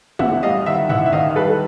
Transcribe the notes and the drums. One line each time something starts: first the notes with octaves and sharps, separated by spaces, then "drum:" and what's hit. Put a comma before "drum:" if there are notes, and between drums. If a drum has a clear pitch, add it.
A1 E5 F#5, drum: tom
G3 D#5 F5
D#3 E5 F#5
A1 E5 F#5, drum: tom
E5
D#3 D#5 F5
G3 A4 B4